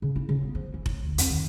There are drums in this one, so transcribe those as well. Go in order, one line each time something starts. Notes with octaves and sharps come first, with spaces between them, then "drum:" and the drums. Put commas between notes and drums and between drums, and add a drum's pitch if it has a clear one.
C#3
E4
C#3
B3
F3
E3
A2, drum: kick F1
D2
F2, drum: hi-hat
D#3